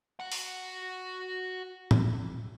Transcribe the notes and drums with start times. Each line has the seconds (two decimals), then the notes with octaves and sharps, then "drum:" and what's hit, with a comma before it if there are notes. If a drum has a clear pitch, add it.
0.20 F#4 F#5
0.32 drum: open hi-hat
1.91 drum: tom A2